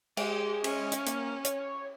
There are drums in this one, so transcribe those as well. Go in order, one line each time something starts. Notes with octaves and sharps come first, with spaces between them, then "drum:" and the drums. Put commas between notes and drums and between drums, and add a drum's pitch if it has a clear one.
G#3 G4, drum: cymbal
C#4, drum: cymbal
drum: hi-hat
A#3, drum: hi-hat
C#5, drum: hi-hat